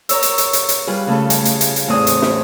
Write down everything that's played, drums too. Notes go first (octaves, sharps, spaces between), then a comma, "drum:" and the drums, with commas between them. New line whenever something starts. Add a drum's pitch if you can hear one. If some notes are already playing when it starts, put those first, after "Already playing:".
A#4 C#5 E6, drum: hi-hat
drum: hi-hat
drum: hi-hat
drum: hi-hat
drum: hi-hat
G3 F4 G#4 B4
C#3 A3 A4
G#4, drum: hi-hat
drum: hi-hat
drum: hi-hat
drum: hi-hat
E2 A2 C4 G#4 D#6
drum: hi-hat
drum: snare